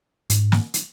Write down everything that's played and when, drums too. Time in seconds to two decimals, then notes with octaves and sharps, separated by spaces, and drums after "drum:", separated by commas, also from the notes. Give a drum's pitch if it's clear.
0.30 G#2, drum: hi-hat
0.52 drum: snare
0.74 drum: hi-hat